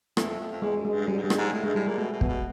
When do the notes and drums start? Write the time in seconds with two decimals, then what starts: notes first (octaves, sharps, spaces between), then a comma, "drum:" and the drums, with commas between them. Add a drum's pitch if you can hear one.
0.17 E2 A3, drum: rim click
0.29 F2
0.40 F2
0.51 F2
0.62 E2 G#3
0.77 F#2
0.85 G#3
0.92 G2
1.08 F#2 G3
1.18 G#2
1.22 G2 G3
1.30 G#3, drum: rim click
1.38 G#2
1.53 A2 A3
1.64 G2 G#3
1.75 A2 G3
1.87 A#2 G#3
1.98 B2 A3
2.13 B2
2.21 B3, drum: kick
2.28 B2